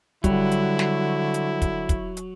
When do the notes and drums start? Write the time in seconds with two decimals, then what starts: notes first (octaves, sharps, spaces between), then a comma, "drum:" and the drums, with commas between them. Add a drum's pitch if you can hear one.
0.24 D3 F#3 G3 E4, drum: kick, hi-hat
0.51 drum: hi-hat
0.79 drum: snare
1.34 drum: hi-hat
1.62 drum: kick, hi-hat
1.89 drum: kick, hi-hat
2.17 drum: hi-hat